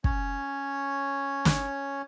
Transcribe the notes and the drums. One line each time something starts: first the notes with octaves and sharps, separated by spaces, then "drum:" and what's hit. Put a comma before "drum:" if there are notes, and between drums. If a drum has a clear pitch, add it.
C#4 C#5, drum: kick
drum: snare